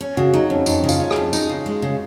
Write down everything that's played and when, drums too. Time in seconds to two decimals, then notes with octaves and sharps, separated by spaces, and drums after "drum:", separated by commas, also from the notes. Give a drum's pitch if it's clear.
0.01 C#4
0.17 C#3 F#4
0.34 F#3 D#4
0.50 F2 C#4
0.66 F2 D#4, drum: tambourine
0.84 C#3
0.89 F4, drum: tambourine
1.00 C#4
1.11 G#4, drum: rim click
1.16 F2
1.33 D#4, drum: tambourine
1.49 C#3
1.66 G#3
1.82 C#3